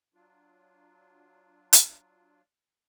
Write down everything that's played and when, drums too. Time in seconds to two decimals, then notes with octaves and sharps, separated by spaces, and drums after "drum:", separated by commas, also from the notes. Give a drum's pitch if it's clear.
0.14 F#3 D4 F4
1.73 drum: hi-hat